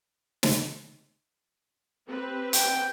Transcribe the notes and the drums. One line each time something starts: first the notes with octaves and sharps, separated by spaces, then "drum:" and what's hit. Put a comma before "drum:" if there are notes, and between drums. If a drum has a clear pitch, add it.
drum: snare
C4 G4 B4
G5, drum: hi-hat